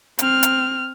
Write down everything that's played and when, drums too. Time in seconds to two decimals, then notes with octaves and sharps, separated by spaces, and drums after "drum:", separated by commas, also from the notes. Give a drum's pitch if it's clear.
0.19 C4 F6, drum: hi-hat
0.43 drum: hi-hat